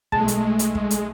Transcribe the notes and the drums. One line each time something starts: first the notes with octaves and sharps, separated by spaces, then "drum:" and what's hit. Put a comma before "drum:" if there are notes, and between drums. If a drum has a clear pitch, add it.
B1 G#3 A3 A5, drum: kick
drum: hi-hat
drum: hi-hat
drum: kick
drum: hi-hat